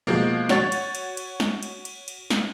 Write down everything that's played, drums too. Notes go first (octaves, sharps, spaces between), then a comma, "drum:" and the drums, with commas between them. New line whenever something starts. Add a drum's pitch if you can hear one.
B2 F3 G#3 A#3
F#4 C#5 A6, drum: snare
drum: cymbal
drum: cymbal
drum: cymbal
drum: snare
drum: cymbal
drum: cymbal
drum: cymbal
drum: snare